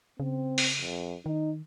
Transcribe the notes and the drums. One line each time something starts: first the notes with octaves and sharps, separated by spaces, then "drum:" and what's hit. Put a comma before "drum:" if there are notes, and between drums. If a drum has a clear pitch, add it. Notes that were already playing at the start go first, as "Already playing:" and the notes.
C#3 C4
drum: open hi-hat
F2
D#3 D#4